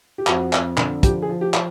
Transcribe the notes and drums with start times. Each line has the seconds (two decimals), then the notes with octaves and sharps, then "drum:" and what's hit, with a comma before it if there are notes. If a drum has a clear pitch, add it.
0.18 G4
0.27 F2 F#4, drum: clap
0.53 F2, drum: clap
0.77 D3, drum: clap
1.03 F3 G4, drum: kick, hi-hat
1.22 G#4
1.29 F3
1.41 G4
1.54 F3, drum: clap